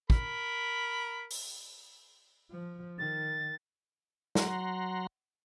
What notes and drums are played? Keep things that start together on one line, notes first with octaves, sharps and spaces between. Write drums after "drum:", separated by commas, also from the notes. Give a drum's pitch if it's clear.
A#4 B5, drum: kick
drum: open hi-hat
F3
D#3 A6
F#3 F#5 A#5 C6, drum: snare